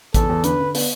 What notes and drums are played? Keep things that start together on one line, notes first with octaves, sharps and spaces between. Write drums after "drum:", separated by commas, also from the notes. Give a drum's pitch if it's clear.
E2 A4, drum: kick A1, hi-hat
E2
D3 B4, drum: hi-hat
D3
B3, drum: open hi-hat